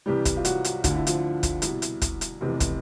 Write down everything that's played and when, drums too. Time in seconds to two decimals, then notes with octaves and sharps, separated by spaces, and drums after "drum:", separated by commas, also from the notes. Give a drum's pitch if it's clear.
0.06 C2 C3 E3 G3 G4
0.25 drum: kick, hi-hat
0.37 F4
0.45 F#3 F#4, drum: hi-hat
0.64 drum: hi-hat
0.84 D2 D3 F4, drum: kick, hi-hat
0.95 E4
1.07 F3 F4, drum: hi-hat
1.43 drum: kick, hi-hat
1.62 C2 B2 E4, drum: hi-hat
1.82 drum: hi-hat
2.02 drum: kick, hi-hat
2.21 drum: hi-hat
2.41 F1 E2 C3 E3
2.60 drum: kick, hi-hat